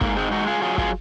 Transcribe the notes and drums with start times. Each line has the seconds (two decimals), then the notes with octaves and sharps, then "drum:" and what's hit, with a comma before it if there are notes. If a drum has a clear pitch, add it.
0.01 G#2 A#3, drum: kick
0.16 G#3 C4
0.32 G#3 D#4 F#4
0.47 F4 G#4
0.62 F#3 F4 G#4
0.78 F4 G#4, drum: kick